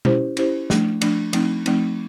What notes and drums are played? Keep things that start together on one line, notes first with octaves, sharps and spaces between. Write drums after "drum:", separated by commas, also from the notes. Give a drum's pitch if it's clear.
C#4 E4 G4 C5, drum: tom B2
C#4 E4 G4 C5, drum: cymbal
F3 A3 D4, drum: snare
F3 A3 D4, drum: cymbal
F3 A3 C4 D#4, drum: cymbal
F3 A3 C4 D#4, drum: cymbal